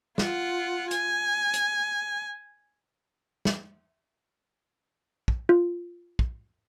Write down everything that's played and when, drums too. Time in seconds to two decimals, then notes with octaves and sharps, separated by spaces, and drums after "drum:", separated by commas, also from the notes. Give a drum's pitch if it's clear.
0.18 F4 F#5, drum: snare
0.91 G#5, drum: hi-hat
1.54 drum: hi-hat
3.45 drum: snare
5.28 drum: kick
5.49 F4
6.19 drum: kick